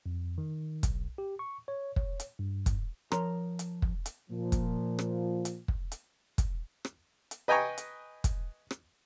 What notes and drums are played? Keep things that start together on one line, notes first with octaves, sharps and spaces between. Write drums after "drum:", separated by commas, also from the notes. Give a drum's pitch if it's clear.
F2
D#3
B1, drum: kick, hi-hat
G4
C#6
C#5
C#5, drum: kick
drum: hi-hat
G2
drum: kick, hi-hat
F3 A#4 C#5 A#5 C6, drum: rim click
drum: hi-hat
drum: kick
drum: hi-hat
A#2 F3
drum: kick, hi-hat
drum: rim click
drum: hi-hat
drum: kick
drum: hi-hat
drum: kick, hi-hat
drum: rim click
drum: hi-hat
B4 D#5 G5 G#5 A#5 C#6
drum: hi-hat
drum: kick, hi-hat
drum: rim click